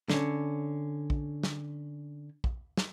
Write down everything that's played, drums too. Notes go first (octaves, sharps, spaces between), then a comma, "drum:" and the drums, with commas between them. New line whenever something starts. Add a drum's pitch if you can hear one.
D3 C#4, drum: snare
drum: kick
drum: snare
drum: kick
drum: snare